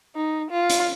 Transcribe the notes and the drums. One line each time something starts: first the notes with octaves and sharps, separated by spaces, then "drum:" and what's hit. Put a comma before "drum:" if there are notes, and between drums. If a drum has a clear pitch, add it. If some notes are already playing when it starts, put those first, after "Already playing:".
D#4
F4
drum: hi-hat